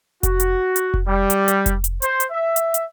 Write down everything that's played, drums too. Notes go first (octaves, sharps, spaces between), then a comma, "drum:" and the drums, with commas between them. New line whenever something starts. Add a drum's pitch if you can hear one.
F#4, drum: kick F1, hi-hat
drum: hi-hat
drum: hi-hat
drum: kick F1
G3
drum: hi-hat
drum: hi-hat
drum: kick F1, hi-hat
drum: hi-hat
C5, drum: hi-hat
drum: hi-hat
E5
drum: hi-hat
drum: hi-hat